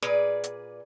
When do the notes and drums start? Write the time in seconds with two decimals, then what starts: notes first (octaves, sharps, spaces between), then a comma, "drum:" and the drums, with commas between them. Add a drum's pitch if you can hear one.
0.02 A#2 G#4 B4 D5, drum: snare
0.44 drum: hi-hat